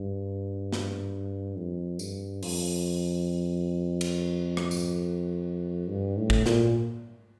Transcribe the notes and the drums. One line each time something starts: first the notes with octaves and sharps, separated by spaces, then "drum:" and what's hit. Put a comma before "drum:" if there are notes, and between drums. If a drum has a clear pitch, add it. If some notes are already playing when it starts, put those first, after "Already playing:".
Already playing: G2
drum: snare
F2
G2, drum: tambourine
F2, drum: open hi-hat
drum: cymbal
drum: rim click
drum: tambourine
G2
A2
drum: kick
A#2, drum: snare